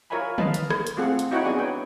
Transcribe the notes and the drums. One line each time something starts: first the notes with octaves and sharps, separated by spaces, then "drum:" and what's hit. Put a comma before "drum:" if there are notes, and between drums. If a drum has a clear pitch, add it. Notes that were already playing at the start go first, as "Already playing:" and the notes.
F4 A#4 C#5 E5 G#5 B5
D#4 B4 D#5 F5 A5 B5, drum: tom
drum: hi-hat
drum: rim click
drum: hi-hat
A3 C4 F4 G#4 A4 F#5
drum: hi-hat
D#4 E4 F#4 C#5 F#5 G5
B3 D4 G#4 D5 G#5
B4 C#5 G5